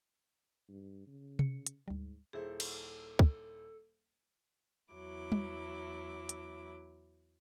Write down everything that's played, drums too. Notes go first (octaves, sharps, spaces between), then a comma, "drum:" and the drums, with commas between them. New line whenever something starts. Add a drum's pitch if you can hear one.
G2
C#3
C#7, drum: tom C3
drum: hi-hat
D2 G#2 G3
D#1 E4 G#4 A4 C5
drum: cymbal
drum: kick
E2 F#3 E4 D6
drum: tom
drum: hi-hat